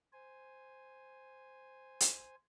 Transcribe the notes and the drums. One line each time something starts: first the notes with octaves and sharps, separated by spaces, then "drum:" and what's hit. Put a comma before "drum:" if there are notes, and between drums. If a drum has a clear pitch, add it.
C5 G#5
drum: hi-hat